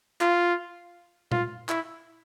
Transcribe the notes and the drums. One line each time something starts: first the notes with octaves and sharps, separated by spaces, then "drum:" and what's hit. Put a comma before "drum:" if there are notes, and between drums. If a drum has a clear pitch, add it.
F4, drum: clap
F4, drum: tom A#2
E4, drum: clap